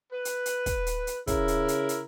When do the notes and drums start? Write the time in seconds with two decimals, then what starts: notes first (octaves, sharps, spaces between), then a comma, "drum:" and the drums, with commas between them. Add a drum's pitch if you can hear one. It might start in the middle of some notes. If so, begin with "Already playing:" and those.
0.12 B4
0.25 drum: hi-hat
0.46 drum: hi-hat
0.66 drum: kick, hi-hat
0.86 drum: hi-hat
1.07 drum: hi-hat
1.27 C#3 E4 A#4, drum: kick, hi-hat
1.48 drum: hi-hat
1.68 drum: hi-hat
1.89 drum: hi-hat